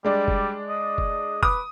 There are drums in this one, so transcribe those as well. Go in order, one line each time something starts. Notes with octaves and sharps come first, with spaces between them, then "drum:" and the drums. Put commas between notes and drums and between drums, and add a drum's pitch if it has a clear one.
G3 G#3 D4
drum: kick
D#5
drum: kick
B4 D6 D#6, drum: kick